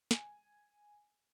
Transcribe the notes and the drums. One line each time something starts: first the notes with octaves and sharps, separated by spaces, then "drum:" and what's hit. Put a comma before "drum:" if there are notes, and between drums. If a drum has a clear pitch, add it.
G#5, drum: snare